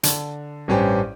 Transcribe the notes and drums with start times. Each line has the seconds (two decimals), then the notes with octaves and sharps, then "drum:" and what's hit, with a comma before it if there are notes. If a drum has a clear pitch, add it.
0.03 D3, drum: hi-hat
0.68 A1 G2 C#4 G4 B4 C5